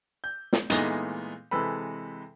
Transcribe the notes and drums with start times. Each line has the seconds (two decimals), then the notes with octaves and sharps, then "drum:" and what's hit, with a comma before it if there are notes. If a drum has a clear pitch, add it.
0.24 G6
0.53 drum: snare
0.70 A#2 E3 G#3 A3 B3 D#4, drum: hi-hat
1.51 C3 E3 G#3 A4 B4 B5